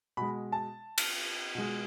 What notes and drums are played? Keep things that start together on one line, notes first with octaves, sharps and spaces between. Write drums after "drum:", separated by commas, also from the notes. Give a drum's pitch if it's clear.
B2 G#3 B5
A5
drum: cymbal
B2 G#3